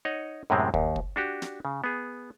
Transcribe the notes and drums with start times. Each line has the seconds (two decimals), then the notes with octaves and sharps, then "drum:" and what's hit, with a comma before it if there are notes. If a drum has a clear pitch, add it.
0.05 D#4 C#5 D#5 F#5
0.50 F#2 A2 C3 G#3 C4
0.74 D#2, drum: kick
0.96 drum: kick
1.16 D4 F#4 G4
1.42 drum: snare
1.65 C#3
1.84 B3 G#4